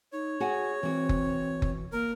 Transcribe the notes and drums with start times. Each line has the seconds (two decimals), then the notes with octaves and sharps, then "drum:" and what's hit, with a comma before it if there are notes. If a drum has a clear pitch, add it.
0.13 D#4 C#5
0.40 F#4 G#4 F#5 G#5
0.83 E3 C4 F#4
1.09 drum: kick F#1
1.62 drum: kick F#1
1.92 A#3 A#4